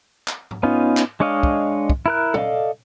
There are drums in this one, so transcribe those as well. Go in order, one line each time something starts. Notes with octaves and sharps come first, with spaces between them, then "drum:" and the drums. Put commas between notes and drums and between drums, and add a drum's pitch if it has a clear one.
drum: clap
drum: tom G#2
B3 C#4 D#4 F4
drum: clap
G#3 D4 C#5 D#5 F5
drum: kick
drum: kick
E4 A#4 F#6
A4 D5 D#5 F5, drum: tom